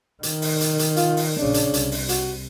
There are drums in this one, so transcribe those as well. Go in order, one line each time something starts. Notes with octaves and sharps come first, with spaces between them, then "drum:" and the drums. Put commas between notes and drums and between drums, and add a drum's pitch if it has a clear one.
D#3, drum: hi-hat
drum: open hi-hat
drum: hi-hat
drum: hi-hat
F4, drum: hi-hat
drum: open hi-hat
A#1 C#3 D4
drum: hi-hat
C2, drum: hi-hat
drum: open hi-hat
F#4, drum: hi-hat